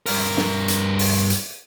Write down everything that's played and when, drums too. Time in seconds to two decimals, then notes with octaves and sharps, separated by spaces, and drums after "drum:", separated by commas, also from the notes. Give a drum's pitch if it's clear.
0.06 G2 A#4, drum: open hi-hat
0.37 drum: snare
0.68 drum: hi-hat
0.99 drum: open hi-hat
1.30 drum: hi-hat